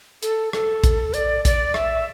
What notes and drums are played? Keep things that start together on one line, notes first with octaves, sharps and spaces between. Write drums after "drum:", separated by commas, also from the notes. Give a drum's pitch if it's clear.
A4, drum: hi-hat
A4, drum: rim click
drum: kick A#1, hi-hat
D5, drum: hi-hat
D5, drum: kick A#1, hi-hat
E5, drum: rim click